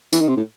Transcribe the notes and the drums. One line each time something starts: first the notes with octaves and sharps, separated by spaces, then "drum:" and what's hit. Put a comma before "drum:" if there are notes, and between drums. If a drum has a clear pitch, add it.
E3, drum: tambourine
D#3
C3
A2